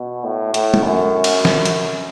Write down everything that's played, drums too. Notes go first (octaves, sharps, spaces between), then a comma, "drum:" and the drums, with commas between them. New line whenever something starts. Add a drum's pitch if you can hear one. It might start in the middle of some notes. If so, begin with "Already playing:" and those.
Already playing: B2
A2
A2, drum: hi-hat
drum: tom
F#2
drum: cymbal
drum: snare
drum: hi-hat